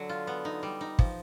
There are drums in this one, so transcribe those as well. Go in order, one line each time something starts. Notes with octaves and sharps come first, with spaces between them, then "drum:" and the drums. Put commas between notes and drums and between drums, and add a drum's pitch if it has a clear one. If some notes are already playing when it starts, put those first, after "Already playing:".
Already playing: D3 F#3
F4
B3
D#4
G3
D#4
F3, drum: kick